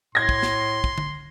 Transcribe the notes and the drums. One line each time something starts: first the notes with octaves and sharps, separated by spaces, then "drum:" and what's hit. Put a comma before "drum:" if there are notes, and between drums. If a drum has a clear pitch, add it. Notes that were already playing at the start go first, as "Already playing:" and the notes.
A2 C6 G#6 A#6
drum: kick
drum: snare
drum: kick
drum: tom D3